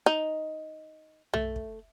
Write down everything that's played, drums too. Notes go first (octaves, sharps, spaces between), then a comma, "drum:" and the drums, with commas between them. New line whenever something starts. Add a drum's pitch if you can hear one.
D#4
A3, drum: tom B1
drum: kick